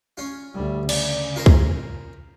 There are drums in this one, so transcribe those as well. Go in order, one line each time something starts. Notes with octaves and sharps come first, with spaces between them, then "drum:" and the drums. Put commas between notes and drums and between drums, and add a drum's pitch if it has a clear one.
C#4 F4
D2 G3
C#3 D5, drum: cymbal
F4 A#4 C5
drum: kick C#2